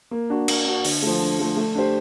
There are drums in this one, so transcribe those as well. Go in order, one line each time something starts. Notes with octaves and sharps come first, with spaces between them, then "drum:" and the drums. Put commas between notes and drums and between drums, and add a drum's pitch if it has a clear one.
A#3
D4 F#4
A#3, drum: cymbal
D4 F#4
D3, drum: open hi-hat
F3 A3
D3
F3 A3
A3
D4 G4 C5